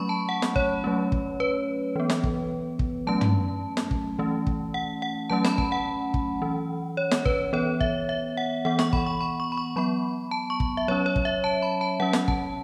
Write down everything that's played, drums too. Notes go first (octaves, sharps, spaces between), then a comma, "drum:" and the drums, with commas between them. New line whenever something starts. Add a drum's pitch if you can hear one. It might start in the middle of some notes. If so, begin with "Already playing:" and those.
Already playing: F#3 A3 C#4 B5 C#6
A5
F#5
drum: snare
C#5, drum: kick
F#3 A3 C#4
drum: kick
B4
E3 B3
drum: snare
drum: kick
drum: kick
F#3 A3 C#4 A5
drum: tom
drum: snare
drum: kick
E3 A3 C#4
drum: kick
F#5
F#5
F#3 A3 C#4 A5
B5, drum: snare
A5, drum: kick
F#5
drum: kick
E3 C#4
C#5
drum: snare
B4, drum: kick
E3 B3 C#5
E5, drum: kick
E5
F#5
E3 B3 F#5
C#6, drum: snare
B5, drum: kick
C#6
B5
C#6
B5
C#6
F#3 B3 B5
A5
C#6
drum: kick
E5
F#3 C#4 C#5
C#5
drum: kick
E5
A5
B5
A5
F#3 C#4 F#5
drum: snare
A5, drum: kick